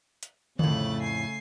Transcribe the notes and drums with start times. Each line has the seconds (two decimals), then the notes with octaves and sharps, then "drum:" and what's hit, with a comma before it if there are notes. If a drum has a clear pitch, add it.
0.23 drum: hi-hat
0.59 F2 A2 C#3 A3 F#6 A6, drum: tom D3
1.00 G#5 C7